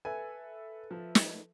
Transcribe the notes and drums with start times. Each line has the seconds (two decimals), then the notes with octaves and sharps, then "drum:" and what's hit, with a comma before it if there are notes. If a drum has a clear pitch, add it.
0.05 A4 B4 E5 G#5
0.91 F3
1.15 drum: snare